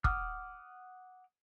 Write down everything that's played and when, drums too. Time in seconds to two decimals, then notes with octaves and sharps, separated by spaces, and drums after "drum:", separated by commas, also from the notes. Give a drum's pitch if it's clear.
0.04 F#5 D6 D#6 F6, drum: kick